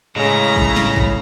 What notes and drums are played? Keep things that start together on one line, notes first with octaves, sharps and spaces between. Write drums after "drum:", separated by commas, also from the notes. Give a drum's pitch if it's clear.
A2 C#3 G#3 C#4 A#5
drum: kick G#1
drum: snare
drum: kick G#1